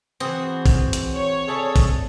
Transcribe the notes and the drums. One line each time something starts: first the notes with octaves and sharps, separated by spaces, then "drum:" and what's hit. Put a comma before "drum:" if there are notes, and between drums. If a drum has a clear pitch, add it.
E3 C4 F#4 G#4
drum: kick, open hi-hat
drum: hi-hat
C#5
G#4 A4 D5 E5 A5
drum: kick, open hi-hat